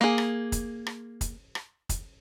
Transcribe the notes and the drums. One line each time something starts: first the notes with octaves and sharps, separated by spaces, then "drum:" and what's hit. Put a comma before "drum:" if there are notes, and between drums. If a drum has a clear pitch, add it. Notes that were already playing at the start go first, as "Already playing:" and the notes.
A#3 G#4
drum: rim click
drum: kick, hi-hat
drum: rim click
drum: kick, hi-hat
drum: rim click
drum: kick, hi-hat